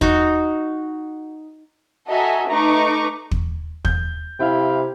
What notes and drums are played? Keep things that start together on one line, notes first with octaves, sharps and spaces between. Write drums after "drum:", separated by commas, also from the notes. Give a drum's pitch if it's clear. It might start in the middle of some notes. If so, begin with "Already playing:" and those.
D#4 F#4, drum: kick
F#4 A4 D#5 E5 G#5 A#5
A3 D#4 B4 A#5 C#6 D6
drum: kick
G6, drum: kick
C3 E4 F5 G5 B5